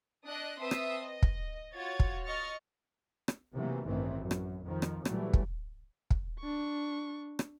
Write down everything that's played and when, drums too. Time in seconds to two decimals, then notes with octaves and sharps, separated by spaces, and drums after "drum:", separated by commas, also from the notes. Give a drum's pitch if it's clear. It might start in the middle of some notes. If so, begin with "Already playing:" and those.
0.25 D4 D#5 D#6 F#6
0.60 C4 B4 E5 A5 C6 D#6
0.71 drum: rim click
1.04 D#5
1.22 drum: kick
1.74 F4 F#4 C#5 G#6 A6
2.00 drum: kick
2.25 D#5 C#6 F6 A6
3.28 drum: rim click
3.54 C3 D#3 E3 F#3 A3 A#3
3.86 A1 G2 D#3 E3 A3 C4
4.20 F#2
4.31 drum: rim click
4.65 F2 D#3 F3
4.82 drum: rim click
5.05 A#2 E3 F#3 G3 A3, drum: rim click
5.33 drum: kick
6.10 drum: kick
6.40 D4 C#6
7.39 drum: rim click